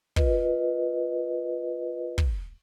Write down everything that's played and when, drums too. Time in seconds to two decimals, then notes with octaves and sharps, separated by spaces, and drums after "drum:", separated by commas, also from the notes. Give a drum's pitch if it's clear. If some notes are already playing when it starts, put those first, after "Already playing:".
0.16 F4 A#4 B4 D#5, drum: kick
2.18 drum: kick